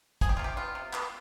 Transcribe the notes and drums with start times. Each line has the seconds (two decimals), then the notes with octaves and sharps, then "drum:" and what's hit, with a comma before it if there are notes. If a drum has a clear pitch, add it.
0.21 F3 G#4, drum: kick, hi-hat
0.29 G4
0.37 C3 F4
0.44 G4
0.57 B3 F4
0.75 C3
0.93 B3, drum: clap